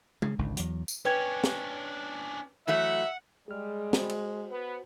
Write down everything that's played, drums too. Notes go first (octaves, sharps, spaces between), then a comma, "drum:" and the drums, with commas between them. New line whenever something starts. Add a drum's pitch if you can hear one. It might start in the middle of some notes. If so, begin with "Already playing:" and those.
C#3, drum: tom
G#1 C#2 D3 D#3
E2 F#3, drum: hi-hat
drum: tambourine
C#4 D4 B4 C#5 G5 G#6
drum: snare
E3 F#3 A3 E5 F#5
G3 G#3 G#4 F6
F#4 C5, drum: snare
drum: cymbal
B3